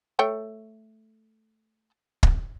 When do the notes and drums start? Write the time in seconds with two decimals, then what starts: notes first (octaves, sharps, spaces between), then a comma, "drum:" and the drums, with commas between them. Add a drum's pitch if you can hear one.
0.19 A3 C#5 G5
2.23 drum: kick